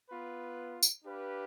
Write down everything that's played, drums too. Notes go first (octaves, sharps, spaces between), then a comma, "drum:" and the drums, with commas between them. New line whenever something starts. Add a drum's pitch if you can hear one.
B3 F4 B4
drum: tambourine
D4 G4 B4 F5